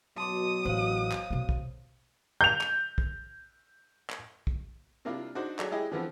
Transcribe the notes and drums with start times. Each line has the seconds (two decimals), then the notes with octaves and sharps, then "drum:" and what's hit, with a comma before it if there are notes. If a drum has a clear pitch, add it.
0.18 B2 F#3 A5 C6 D6 D#6
0.65 A1 C5 C#5 F5
1.12 drum: clap
1.30 B2 A#3
1.49 drum: kick
2.41 G6 F7
2.61 drum: clap
2.98 drum: kick
4.10 drum: clap
4.47 drum: kick
5.05 C3 A#3 D4 E4 F4
5.35 D4 D#4 F#4 C5
5.59 F#3 G#4 A4 D5, drum: clap
5.72 G#3 E4 G4 G#4 D#5 G#5
5.92 D3 E3 F3 B3 C4